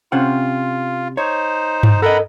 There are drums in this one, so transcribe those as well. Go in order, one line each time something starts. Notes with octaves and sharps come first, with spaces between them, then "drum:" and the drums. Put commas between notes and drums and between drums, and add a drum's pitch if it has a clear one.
C3 C#4 F4 F#5
D#4 C5 C#5
drum: tom G2
A4 A#4 D#5 F#5 A#5 B5